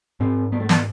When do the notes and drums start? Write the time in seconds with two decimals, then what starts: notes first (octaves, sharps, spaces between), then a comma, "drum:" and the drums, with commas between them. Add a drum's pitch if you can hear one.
0.20 G#2 C4
0.52 B3
0.60 A3
0.69 B3, drum: snare